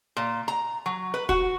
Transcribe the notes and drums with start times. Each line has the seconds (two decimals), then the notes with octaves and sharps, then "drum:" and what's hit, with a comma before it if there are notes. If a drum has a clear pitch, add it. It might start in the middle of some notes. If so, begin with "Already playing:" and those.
0.17 A#2
0.48 A#5
0.86 F#3
1.14 B4
1.29 F#4, drum: kick